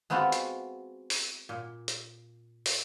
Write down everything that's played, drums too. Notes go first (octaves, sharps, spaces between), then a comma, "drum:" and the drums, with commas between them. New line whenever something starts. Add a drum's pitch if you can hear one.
G#3 B3 C4 F4 F#4
drum: hi-hat
drum: open hi-hat
A#2
drum: hi-hat
drum: open hi-hat